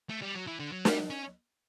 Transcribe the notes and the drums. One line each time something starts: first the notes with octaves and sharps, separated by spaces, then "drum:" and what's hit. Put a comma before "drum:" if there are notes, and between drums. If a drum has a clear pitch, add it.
A3
G3
F#3
E3
D3
F#3
G3, drum: snare
C#4